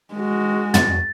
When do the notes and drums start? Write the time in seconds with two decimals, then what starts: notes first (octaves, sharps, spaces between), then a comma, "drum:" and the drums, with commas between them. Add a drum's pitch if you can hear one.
0.14 G#3 F#4
0.74 A6, drum: tom